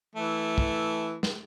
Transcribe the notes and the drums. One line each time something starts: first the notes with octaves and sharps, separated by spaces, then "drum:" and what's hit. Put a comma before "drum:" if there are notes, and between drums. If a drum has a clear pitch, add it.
E3 A3
drum: kick
drum: snare